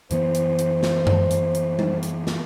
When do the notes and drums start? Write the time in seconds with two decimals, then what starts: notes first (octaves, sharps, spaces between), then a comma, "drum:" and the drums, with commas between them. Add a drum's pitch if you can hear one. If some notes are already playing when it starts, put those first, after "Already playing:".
0.11 F#2 E3 B3 C5, drum: hi-hat
0.35 drum: hi-hat
0.59 drum: hi-hat
0.83 drum: snare
1.07 drum: tom F#2
1.31 drum: hi-hat
1.55 drum: hi-hat
1.79 drum: tom G3
2.03 drum: hi-hat
2.27 drum: snare